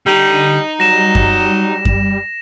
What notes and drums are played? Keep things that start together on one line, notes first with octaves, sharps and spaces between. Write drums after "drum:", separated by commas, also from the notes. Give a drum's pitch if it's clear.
D3 G3 D#4
F#3 G3 A#6 E7
drum: kick F#2
drum: kick F#2